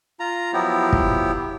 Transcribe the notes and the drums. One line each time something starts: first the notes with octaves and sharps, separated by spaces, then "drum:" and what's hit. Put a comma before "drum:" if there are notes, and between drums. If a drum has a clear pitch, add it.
F4 A#5
F3 F#3 B3 E4 G4
drum: kick